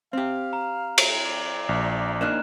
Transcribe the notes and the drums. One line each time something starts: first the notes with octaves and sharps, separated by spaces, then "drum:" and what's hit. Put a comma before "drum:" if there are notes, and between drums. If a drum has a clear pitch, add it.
C4 G4 F5
A#5
drum: cymbal
D5
A#1
A#3 D4 D#4 F6 F#6 E7